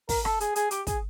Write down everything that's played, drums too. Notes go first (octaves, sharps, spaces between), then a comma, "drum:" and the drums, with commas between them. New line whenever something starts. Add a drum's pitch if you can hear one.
A#4, drum: kick, open hi-hat
A4, drum: rim click
G#4, drum: hi-hat
G#4, drum: hi-hat
G4, drum: hi-hat
G#4, drum: kick, hi-hat